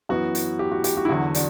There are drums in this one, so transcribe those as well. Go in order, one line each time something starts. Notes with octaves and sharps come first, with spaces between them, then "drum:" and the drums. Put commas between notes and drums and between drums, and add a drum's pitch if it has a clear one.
F#2 E3 B3 F#4
drum: hi-hat
G4
F#4
G4, drum: hi-hat
F#4
E4
E2 D3 F#3 F#4
D4, drum: hi-hat